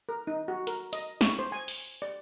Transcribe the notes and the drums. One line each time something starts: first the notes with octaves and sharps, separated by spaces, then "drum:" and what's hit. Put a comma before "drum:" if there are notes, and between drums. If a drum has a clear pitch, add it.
A#4
D#4
F#4
A#4, drum: hi-hat
D#5, drum: hi-hat
C#5, drum: snare
C5
G#5
drum: open hi-hat
D5